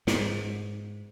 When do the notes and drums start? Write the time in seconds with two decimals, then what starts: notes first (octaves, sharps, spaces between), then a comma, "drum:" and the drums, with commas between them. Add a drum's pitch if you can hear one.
0.07 G#2, drum: snare